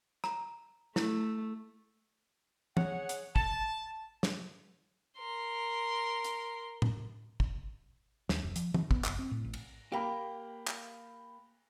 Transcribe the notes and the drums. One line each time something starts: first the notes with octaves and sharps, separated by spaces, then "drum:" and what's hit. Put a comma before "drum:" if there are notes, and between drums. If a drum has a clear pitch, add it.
A#5, drum: rim click
A3 E4, drum: snare
G#4 C#5 F#5, drum: tom
drum: hi-hat
A5, drum: kick
drum: snare
A#4 C6
drum: hi-hat
drum: tom A2
drum: kick
D#2, drum: snare
F1
F3, drum: hi-hat
D#3, drum: tom
B3, drum: kick
F#1, drum: clap
C4
A2
A1
drum: cymbal
A#3 G4 F5 G5 B5
drum: clap